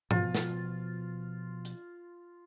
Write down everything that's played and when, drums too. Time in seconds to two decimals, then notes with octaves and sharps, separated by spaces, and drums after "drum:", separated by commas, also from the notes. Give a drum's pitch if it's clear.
0.11 B2 F3 F4, drum: tom G#2
0.35 drum: snare
1.65 drum: hi-hat